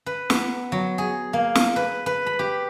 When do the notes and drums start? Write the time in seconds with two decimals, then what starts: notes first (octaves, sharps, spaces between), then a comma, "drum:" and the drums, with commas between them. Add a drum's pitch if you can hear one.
0.06 B4
0.30 B3, drum: snare
0.72 F#3
0.98 G#4
1.33 A#3
1.55 drum: snare
1.76 B4
2.06 B4
2.26 B5
2.39 G4